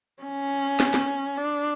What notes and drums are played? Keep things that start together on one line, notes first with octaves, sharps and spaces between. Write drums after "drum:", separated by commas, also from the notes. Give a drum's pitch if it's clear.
C#4
drum: snare
drum: snare
D4